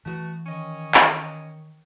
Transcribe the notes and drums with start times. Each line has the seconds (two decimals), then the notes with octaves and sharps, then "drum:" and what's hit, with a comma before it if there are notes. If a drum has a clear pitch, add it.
0.06 E3 A3 B3 F#4
0.47 D#3 C#4 C#5 D#5
0.94 drum: clap